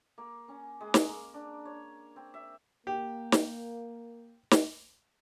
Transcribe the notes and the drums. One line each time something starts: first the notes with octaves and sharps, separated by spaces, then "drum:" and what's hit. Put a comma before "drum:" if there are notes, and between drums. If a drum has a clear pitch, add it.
A#3
C#4
G#3
drum: snare
A#3
D4
C#5
C4
E5
A#3 G4
drum: snare
drum: snare